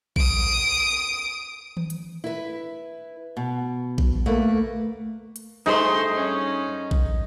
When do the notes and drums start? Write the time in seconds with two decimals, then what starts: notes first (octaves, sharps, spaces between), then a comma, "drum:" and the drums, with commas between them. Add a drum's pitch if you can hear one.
0.16 D#6 D7, drum: kick A#1
1.77 drum: tom D#3
1.90 drum: hi-hat
2.24 E4 B4
3.37 B2
3.98 drum: kick A#1
4.26 D2 A3 A#3 B4
5.36 drum: hi-hat
5.66 G2 A3 D#4 G#4 C5 C6
6.14 C#4
6.91 drum: kick A#1